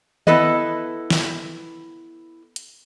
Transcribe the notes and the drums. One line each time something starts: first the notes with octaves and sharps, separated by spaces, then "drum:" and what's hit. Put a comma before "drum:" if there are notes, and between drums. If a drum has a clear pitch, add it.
B3 E4 A4 B4 D#5, drum: tom D#3
drum: snare
drum: hi-hat